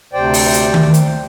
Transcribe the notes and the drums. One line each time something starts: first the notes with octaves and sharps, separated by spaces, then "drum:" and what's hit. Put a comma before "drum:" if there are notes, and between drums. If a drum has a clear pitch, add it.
D2 C3 C5 D5 G5
drum: open hi-hat
drum: hi-hat
drum: tom D#3
drum: hi-hat